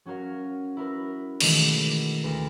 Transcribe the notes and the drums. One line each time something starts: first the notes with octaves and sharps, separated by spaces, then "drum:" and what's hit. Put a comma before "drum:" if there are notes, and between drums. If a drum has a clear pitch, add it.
F#3 C#4 F#4 A#4 F5
E4 A#4 B4
B2 D#3 E3 F#3 G#3 A3, drum: cymbal
D2 B4 A#6 D#7